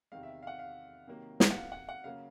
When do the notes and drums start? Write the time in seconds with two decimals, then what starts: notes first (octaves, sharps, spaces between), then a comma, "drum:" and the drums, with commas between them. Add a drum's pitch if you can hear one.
0.12 E2 C3 D#3 F5
0.23 E5
0.43 F5
0.47 F#5
0.59 F5
1.07 C3 D#3 F#3 A#3
1.40 drum: snare
1.50 F#5
1.57 F5
1.72 F#5
1.89 F#5
2.04 C#3 F#3 A#3 F5